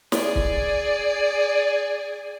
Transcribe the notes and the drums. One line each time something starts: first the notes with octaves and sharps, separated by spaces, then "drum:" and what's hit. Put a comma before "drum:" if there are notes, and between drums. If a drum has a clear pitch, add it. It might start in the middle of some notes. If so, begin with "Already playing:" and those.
G#4 D5, drum: snare
drum: kick C#1